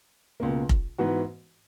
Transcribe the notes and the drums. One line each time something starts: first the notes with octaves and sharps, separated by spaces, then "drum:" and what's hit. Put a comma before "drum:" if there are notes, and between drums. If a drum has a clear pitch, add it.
C#2 B2 A#3
drum: kick F1
G#2 E3 B3 F#4